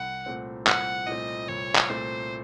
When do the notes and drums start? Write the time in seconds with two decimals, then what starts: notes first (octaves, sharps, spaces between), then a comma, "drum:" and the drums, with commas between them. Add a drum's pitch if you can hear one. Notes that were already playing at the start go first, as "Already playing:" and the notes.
Already playing: C2 F#5
0.26 A#2 A3 C4
0.67 C2 F#5, drum: clap
1.07 A#2 A3 C4 D#5
1.48 C2 C#5
1.76 drum: clap
1.89 A#2 A3 C4 C5